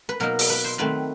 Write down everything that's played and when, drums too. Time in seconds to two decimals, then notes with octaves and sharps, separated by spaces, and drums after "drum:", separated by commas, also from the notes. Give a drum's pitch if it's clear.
0.09 B4
0.20 B2 F#3 A#3 D#4 A#4
0.39 drum: open hi-hat
0.50 B4
0.64 C5
0.78 D#3 F#3 A3 C4 B4